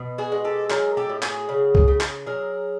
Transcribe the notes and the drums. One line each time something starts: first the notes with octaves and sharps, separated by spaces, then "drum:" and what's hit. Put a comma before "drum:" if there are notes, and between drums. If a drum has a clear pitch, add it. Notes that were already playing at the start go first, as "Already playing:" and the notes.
Already playing: B2
F#4 G#4
G#3
G4 A4
F#3 G#4 A#4, drum: clap
G4 A4
A2
F#4 G#4, drum: clap
C#3
drum: kick C2
C#3
drum: clap
F#3 G#4 A#4